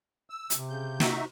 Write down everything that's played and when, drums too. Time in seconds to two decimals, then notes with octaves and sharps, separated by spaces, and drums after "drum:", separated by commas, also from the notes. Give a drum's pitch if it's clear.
0.30 E6
0.50 C3, drum: hi-hat
0.69 C#3 G6
1.00 D#4 F#4 E5, drum: snare